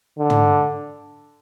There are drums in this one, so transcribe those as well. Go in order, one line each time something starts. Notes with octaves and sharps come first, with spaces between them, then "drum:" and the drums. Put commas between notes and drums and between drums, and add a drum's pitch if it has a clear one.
D3
drum: tom